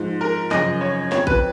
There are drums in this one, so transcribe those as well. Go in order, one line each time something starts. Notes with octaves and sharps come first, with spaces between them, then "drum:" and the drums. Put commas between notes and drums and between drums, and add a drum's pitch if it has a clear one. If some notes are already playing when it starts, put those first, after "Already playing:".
Already playing: G#2 F3
A#4
F#2 C#3 F3 D#5, drum: snare
C#5
F2 F3 C#5, drum: snare
B4, drum: kick